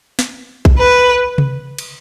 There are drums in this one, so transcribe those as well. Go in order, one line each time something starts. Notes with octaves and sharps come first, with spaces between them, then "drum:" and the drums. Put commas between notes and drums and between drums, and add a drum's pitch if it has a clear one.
drum: snare
drum: kick B1
B4
drum: tom C3
drum: cymbal